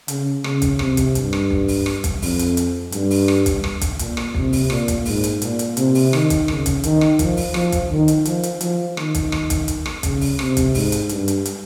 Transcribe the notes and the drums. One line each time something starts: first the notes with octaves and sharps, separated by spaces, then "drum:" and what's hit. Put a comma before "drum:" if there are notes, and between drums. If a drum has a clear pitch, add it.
C#3, drum: hi-hat
C#3, drum: rim click
drum: kick, hi-hat
C3, drum: rim click
drum: kick, hi-hat
G2, drum: hi-hat
drum: rim click
drum: kick
drum: open hi-hat
drum: rim click
drum: kick, hi-hat
F2, drum: open hi-hat
drum: hi-hat
drum: hi-hat
G2, drum: hi-hat
drum: open hi-hat
drum: rim click
drum: kick, hi-hat
drum: rim click
drum: kick, hi-hat
A#2, drum: hi-hat
drum: rim click
C3, drum: kick
drum: open hi-hat
A#2, drum: rim click
drum: kick, hi-hat
G#2, drum: open hi-hat
drum: hi-hat
A#2, drum: hi-hat
drum: hi-hat
C3, drum: hi-hat
drum: open hi-hat
D#3, drum: rim click
drum: kick, hi-hat
C#3, drum: rim click
drum: kick, hi-hat
D#3, drum: hi-hat
drum: rim click
F3, drum: kick, hi-hat
drum: open hi-hat
F3, drum: rim click
drum: kick, hi-hat
D#3
drum: hi-hat
F3, drum: hi-hat
drum: hi-hat
F3, drum: hi-hat
D#3, drum: rim click
drum: kick, hi-hat
drum: rim click
drum: kick, hi-hat
drum: hi-hat
drum: rim click
C#3, drum: kick, hi-hat
drum: open hi-hat
C3, drum: rim click
drum: kick, hi-hat
G#2, drum: open hi-hat
drum: hi-hat
G2, drum: hi-hat
drum: hi-hat
drum: hi-hat